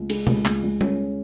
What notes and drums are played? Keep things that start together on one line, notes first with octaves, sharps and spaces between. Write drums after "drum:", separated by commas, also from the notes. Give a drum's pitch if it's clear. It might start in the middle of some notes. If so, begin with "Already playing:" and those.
Already playing: C#2
G#3, drum: cymbal
C#2, drum: tom
C#2, drum: clap
C#2
C#2 C#4, drum: tom G3